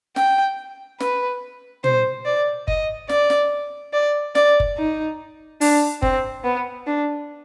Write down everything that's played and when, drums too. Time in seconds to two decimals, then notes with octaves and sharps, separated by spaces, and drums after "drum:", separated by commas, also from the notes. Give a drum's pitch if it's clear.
0.16 G5, drum: snare
1.00 B4, drum: snare
1.84 C5, drum: tom
2.26 D5
2.68 D#5, drum: kick F#1
3.09 D5, drum: snare
3.30 drum: snare
3.93 D5
4.35 D5, drum: snare
4.60 drum: kick F#1
4.77 D#4
5.61 D4, drum: open hi-hat
6.02 C4, drum: kick F#1
6.44 B3
6.87 D4